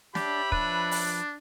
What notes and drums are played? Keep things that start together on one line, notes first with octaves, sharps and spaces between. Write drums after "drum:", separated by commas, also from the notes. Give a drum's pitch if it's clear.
D4 G4 C#5 E5 B5, drum: snare
F3 D4 B4, drum: kick
drum: open hi-hat